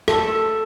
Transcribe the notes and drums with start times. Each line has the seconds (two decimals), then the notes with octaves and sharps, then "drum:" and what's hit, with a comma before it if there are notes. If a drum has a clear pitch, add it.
0.08 A4, drum: rim click